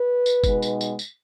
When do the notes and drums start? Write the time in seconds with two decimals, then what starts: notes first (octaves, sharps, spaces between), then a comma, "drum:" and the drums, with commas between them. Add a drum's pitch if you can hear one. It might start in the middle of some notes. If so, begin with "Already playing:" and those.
Already playing: B4
0.26 drum: tambourine
0.44 B2 G#3 B3 D#4, drum: kick, tambourine
0.62 drum: tambourine
0.81 drum: tambourine
0.99 drum: tambourine